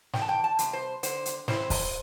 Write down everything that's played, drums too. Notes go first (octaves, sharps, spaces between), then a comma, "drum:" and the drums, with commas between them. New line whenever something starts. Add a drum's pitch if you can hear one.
E2 G5, drum: snare
A5
G5
A5
C3 G3, drum: hi-hat
C5
D3 C5, drum: hi-hat
drum: hi-hat
G3 C4 E4 C5, drum: snare
drum: kick, open hi-hat